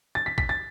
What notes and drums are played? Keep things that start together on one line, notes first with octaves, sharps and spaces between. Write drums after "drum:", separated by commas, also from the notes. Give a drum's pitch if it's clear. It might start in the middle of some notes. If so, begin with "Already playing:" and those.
A6
B6
B6, drum: kick A#1
A6